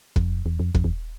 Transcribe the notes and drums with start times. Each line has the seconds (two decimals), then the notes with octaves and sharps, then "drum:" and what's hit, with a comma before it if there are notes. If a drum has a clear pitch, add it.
0.16 F2, drum: kick
0.46 E2
0.59 F2
0.75 F2, drum: kick
0.84 E2